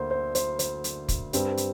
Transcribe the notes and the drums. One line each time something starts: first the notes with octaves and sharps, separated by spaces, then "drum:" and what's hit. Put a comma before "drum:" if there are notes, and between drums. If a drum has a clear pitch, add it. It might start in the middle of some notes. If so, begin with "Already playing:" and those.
Already playing: D2 D3 A#3 C5
C5
C5, drum: hi-hat
C5, drum: hi-hat
drum: hi-hat
drum: kick, hi-hat
G2 G3 C4, drum: hi-hat
drum: hi-hat